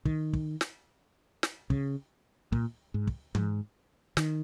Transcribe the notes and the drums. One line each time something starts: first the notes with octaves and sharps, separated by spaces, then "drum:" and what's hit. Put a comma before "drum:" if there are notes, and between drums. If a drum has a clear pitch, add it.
D#3, drum: kick
drum: kick
drum: snare
drum: snare
C#3, drum: kick
A#2, drum: kick
G#2
drum: kick
G#2, drum: tom
D#3, drum: snare